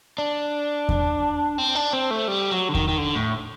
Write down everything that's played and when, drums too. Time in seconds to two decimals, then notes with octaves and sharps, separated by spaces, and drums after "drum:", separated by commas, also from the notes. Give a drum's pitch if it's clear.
0.18 D4
0.89 drum: kick E2
1.58 C4
1.75 D4
1.93 C4
2.11 A3
2.28 G3
2.51 F#3
2.69 D3
2.75 D#3, drum: kick E2
2.88 D#3
2.98 D3
3.15 A2